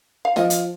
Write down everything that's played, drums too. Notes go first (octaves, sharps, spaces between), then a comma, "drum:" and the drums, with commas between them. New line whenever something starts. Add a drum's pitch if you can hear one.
F5
F3 F4 D#5, drum: snare
drum: hi-hat